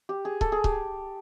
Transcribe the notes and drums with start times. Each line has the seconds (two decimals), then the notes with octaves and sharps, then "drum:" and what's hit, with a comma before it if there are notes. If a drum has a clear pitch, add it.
0.09 G4
0.25 G#4
0.41 A4, drum: kick C#1
0.52 G#4
0.64 G4, drum: kick C#1